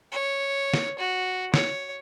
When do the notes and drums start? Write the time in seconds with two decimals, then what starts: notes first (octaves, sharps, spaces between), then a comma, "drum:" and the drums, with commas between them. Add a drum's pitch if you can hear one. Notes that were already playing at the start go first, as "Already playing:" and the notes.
0.12 C#5
0.74 drum: snare
0.99 F#4
1.54 C#5, drum: snare